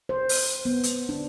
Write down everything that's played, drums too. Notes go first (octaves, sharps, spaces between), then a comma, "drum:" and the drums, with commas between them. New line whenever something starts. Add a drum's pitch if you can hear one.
C5
drum: open hi-hat
B3
drum: hi-hat
D4